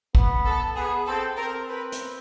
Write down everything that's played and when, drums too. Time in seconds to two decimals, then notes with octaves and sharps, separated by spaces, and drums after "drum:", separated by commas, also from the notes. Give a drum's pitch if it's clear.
0.15 B3, drum: kick
0.45 A4
0.75 B3 G#4
1.06 C4 A4
1.37 C4 A#4
1.68 B4
1.92 drum: hi-hat